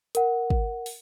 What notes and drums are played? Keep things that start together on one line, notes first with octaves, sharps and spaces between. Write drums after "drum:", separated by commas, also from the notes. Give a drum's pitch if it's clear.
A#4 F#5, drum: hi-hat
drum: kick
drum: open hi-hat